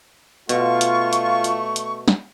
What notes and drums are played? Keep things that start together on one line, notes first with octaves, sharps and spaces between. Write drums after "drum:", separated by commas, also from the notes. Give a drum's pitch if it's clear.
B2 A3 F4 C#6, drum: hi-hat
drum: hi-hat
drum: hi-hat
drum: hi-hat
drum: hi-hat
drum: snare